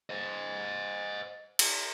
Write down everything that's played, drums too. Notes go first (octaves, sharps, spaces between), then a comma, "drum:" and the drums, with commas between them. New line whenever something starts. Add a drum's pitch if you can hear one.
C5 D#5
drum: cymbal